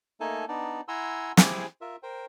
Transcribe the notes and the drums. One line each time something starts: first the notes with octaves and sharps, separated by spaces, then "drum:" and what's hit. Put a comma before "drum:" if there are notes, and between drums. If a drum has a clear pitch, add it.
A3 A#3 D#4 A4 G#5 A5
B3 D4 D#4 D5
E4 F#5 G#5 A#5 C6 E6
E4 G4 G#4 C5 G#5 D6, drum: snare
F4 A#4 E5
A#4 C5 G5